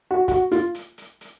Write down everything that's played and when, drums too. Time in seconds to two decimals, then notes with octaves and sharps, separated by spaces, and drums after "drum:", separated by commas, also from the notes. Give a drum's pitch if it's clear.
0.11 F#4
0.28 F#4, drum: kick, hi-hat
0.52 F4, drum: hi-hat
0.75 drum: hi-hat
0.98 drum: hi-hat
1.21 drum: hi-hat